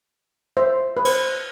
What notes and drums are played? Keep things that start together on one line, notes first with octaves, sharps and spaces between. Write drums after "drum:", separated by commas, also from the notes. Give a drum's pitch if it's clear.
C5 E5
B4
C5, drum: cymbal